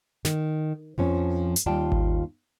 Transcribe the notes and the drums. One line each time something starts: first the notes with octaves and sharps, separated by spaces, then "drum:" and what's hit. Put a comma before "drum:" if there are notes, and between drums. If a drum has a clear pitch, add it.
D#3, drum: snare
F2 F3 C#4
drum: hi-hat
D#2 G3 F4 D5 G5 A5
drum: kick G#1